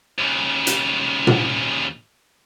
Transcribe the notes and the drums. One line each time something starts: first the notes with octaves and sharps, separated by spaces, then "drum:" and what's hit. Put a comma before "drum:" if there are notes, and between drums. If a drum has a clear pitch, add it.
D#2 C#3
drum: hi-hat
drum: tom